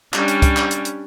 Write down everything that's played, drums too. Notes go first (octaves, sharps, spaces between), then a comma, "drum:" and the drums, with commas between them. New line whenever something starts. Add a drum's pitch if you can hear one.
G3 C#4 D4, drum: clap
drum: hi-hat
drum: kick, hi-hat
drum: clap
drum: hi-hat
drum: hi-hat